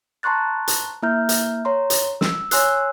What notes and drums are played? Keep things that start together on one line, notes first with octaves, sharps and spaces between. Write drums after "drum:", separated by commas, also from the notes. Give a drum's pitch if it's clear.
A5 A#5 C6 C#6 F#6 A6
drum: hi-hat
A#3 E4 E5 A#5 F6 G6
drum: hi-hat
C#5 A#5 C6
drum: hi-hat
E6, drum: snare
C#5 G#5 C6 E6 F#6 C7, drum: hi-hat